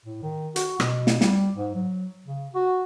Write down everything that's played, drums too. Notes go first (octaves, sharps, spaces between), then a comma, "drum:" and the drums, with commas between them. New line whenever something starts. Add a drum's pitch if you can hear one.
A2
D#3
F#4, drum: hi-hat
B2, drum: rim click
drum: snare
G3, drum: snare
G#2
F#3
C#3
F#4